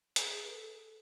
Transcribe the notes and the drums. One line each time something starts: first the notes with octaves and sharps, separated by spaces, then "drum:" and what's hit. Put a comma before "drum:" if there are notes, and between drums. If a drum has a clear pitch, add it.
A4, drum: hi-hat
G#4
B4
A4